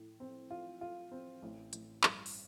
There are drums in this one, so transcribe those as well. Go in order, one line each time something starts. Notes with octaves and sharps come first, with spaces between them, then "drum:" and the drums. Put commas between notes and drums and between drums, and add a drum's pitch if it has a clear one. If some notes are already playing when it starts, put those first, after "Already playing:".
Already playing: A2
C4
F4
F4
C4
A1
A1, drum: hi-hat
G2, drum: clap
drum: open hi-hat